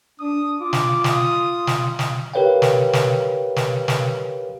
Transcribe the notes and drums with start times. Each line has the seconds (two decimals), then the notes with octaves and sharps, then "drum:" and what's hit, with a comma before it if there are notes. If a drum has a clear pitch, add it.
0.20 D4 D#6
0.61 F4 D6
0.73 drum: snare
1.04 D#6, drum: snare
1.67 drum: snare
1.99 drum: snare
2.34 G4 A#4 B4 C#5 F5 G5
2.62 drum: snare
2.93 drum: snare
3.56 drum: snare
3.88 drum: snare